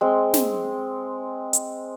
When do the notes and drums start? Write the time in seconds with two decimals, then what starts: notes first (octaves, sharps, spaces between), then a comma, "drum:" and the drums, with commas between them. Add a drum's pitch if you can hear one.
0.01 G#3 C4
0.34 drum: snare
1.53 drum: hi-hat